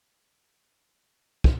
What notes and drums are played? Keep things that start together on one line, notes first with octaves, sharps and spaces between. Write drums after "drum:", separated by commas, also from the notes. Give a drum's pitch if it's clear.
C2 G3 D#4 F4 C#5
A#1 A2 D#4 D#6
drum: kick